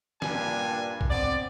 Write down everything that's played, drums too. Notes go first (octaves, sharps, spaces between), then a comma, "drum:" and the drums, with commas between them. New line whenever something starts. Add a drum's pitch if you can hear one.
G2 A#2 G3 D4 G#5, drum: snare
drum: kick
B3 C4 D5